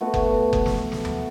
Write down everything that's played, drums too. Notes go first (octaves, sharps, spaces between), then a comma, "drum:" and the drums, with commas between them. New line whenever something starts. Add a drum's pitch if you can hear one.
A3 B3 F#4 A4
drum: kick F#1
drum: kick F#1
drum: snare
drum: snare
drum: tom D#2